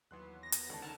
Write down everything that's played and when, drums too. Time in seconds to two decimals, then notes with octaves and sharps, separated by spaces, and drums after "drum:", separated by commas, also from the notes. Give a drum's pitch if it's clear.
0.11 D#2 E3 F#3 B3 C6 F#6
0.43 A#6
0.52 drum: hi-hat
0.70 C#2 D3 D#3 G#3 F#4 A5
0.82 D#4 A4 A#4 F#5 G#5 A5